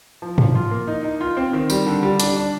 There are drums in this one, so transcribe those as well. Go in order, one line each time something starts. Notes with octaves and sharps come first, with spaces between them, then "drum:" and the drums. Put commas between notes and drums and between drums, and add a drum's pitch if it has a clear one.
F3
F3, drum: tom G#2
F4
A#3
D#4
D#4
F4
C4
D#3
G3, drum: tambourine
D3
G3
D4, drum: hi-hat
D4